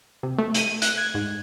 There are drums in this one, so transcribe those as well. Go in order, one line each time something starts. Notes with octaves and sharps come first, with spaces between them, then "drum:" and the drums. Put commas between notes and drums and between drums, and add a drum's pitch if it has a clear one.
C3
A3
D#7, drum: hi-hat
F#6, drum: hi-hat
G#6
G#2